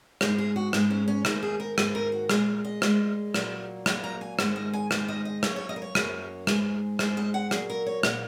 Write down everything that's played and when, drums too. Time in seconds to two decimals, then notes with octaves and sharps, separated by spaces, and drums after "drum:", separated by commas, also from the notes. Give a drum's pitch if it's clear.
0.21 G#2 G#3 D#4, drum: rim click
0.38 G#4
0.56 F#4
0.73 G#2 G#3 D#4, drum: rim click
0.91 C#4
1.08 C#4
1.25 G#2 D#3 A#3 D#4, drum: rim click
1.43 G#4
1.60 A#4
1.78 G#2 D#3 A#3, drum: rim click
1.95 A#4
2.12 F#4
2.30 A#2 G#3 G#4, drum: rim click
2.65 D#5
2.82 A#2 G#3, drum: rim click
3.34 A#2 F#3 A#3, drum: rim click
3.86 A#2 F#3 A#3 F#5, drum: rim click
4.04 A#5
4.21 G#5
4.39 G#2 D#3 G#3 F#5, drum: rim click
4.56 D#5
4.73 G#5
4.91 G#2 D#3 G#3, drum: rim click
5.08 D#5
5.25 D#5
5.43 F#2 F#3 A#3 C#5, drum: rim click
5.56 C#5
5.69 D#5
5.76 A#4
5.82 C#5
5.95 F#2 F#3 A#3, drum: rim click
6.47 G#2 G#3, drum: rim click
6.99 G#2 G#3, drum: rim click
7.17 D#5
7.34 F#5
7.51 A#2 F#3 A#3 G#4, drum: rim click
7.70 A#4
7.86 C#5
8.03 A#2 F#3 A#3 F#5, drum: rim click